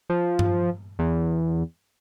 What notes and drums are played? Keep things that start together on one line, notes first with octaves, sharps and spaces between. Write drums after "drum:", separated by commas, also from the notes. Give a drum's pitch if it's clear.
F3
drum: tom G2
E2